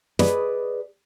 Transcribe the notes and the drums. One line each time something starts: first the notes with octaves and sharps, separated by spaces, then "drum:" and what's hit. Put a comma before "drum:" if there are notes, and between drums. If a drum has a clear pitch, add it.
G#4 B4 D5 D#5, drum: snare